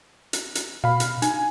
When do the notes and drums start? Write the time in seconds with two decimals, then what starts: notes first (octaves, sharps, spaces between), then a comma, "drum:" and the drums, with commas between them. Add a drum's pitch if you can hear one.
0.33 drum: hi-hat
0.55 drum: hi-hat
0.84 B2 F5 B5
1.00 drum: hi-hat
1.22 D#4 G#5, drum: hi-hat